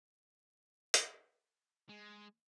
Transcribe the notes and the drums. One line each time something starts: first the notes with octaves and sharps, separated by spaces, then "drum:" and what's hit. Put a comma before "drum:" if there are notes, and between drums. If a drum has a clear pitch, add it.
drum: hi-hat
G#3